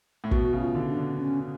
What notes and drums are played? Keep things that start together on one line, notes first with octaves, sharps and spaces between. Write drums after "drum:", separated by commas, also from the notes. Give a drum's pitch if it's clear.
A2
B2 F#4, drum: kick
C#3
F4
D3
D4
D3
C#4